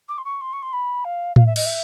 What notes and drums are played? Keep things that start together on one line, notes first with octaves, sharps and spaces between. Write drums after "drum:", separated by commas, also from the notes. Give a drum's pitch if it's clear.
D6
C6
C#6
C6
C#6
C6
B5
F5
F5, drum: tom A2
E5
D#5, drum: cymbal
E5